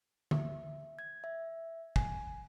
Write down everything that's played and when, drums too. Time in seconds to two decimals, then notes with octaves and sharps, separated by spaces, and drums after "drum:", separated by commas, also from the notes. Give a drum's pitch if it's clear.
0.31 E5, drum: tom D3
0.99 G#6
1.24 E5
1.96 G#5, drum: kick